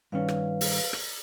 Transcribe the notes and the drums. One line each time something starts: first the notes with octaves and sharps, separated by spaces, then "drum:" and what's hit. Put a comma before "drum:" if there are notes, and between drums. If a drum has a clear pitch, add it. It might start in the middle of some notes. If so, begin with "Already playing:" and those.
G2 D#3 C#4 B4 F5
drum: rim click
drum: open hi-hat
drum: rim click